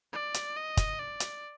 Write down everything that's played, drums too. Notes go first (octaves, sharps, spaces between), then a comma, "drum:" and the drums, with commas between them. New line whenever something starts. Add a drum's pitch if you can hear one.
D5
drum: hi-hat
D#5
drum: kick, hi-hat
D5
drum: hi-hat